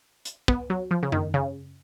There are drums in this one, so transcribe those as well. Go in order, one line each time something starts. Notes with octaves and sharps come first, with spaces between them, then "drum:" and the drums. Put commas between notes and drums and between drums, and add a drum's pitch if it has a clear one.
drum: hi-hat
B3, drum: kick
F#3
F3
C#3
D#3, drum: tom F#2
C#3